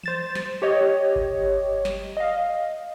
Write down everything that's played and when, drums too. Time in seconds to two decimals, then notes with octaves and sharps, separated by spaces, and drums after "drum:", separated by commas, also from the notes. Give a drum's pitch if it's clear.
0.03 C5 A6 E7, drum: tom E3
0.35 drum: snare
0.62 G4 C#5 D#5
1.16 drum: kick G#1
1.85 drum: snare
2.17 D#5 F5